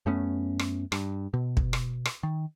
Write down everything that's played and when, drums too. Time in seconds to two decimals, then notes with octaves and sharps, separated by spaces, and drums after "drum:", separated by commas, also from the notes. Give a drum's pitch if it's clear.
0.06 F#2 A3 B3 C#4
0.59 drum: rim click
0.92 G2, drum: rim click
1.34 B2
1.57 drum: kick
1.73 drum: rim click
2.05 drum: rim click
2.23 D#3